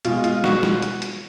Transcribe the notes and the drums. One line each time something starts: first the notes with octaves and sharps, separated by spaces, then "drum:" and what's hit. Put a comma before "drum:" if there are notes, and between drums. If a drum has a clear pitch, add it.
B2 G#3 F4, drum: hi-hat
F4, drum: hi-hat
F#4, drum: snare
drum: snare
drum: hi-hat
drum: hi-hat